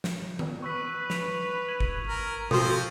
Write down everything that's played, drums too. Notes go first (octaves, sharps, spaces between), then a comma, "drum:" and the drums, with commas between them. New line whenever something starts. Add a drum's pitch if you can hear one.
drum: snare
drum: tom D#3
B4 C#6 E6 B6
F7, drum: snare
G#6 D#7 F#7
drum: kick G#1
A#4
F3 C4 F#4 A4 C5, drum: tom B2